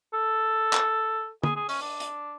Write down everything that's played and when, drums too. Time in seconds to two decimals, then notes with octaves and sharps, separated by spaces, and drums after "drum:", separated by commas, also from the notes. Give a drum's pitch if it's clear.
0.14 A4
0.73 drum: clap
1.44 G#4, drum: tom
1.56 G#4
1.69 C#4, drum: open hi-hat
1.82 D4
2.00 drum: hi-hat